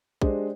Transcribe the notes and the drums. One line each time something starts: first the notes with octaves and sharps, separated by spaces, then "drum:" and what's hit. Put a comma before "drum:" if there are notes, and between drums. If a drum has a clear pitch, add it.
G#3 D4 G4 C5 D#5, drum: kick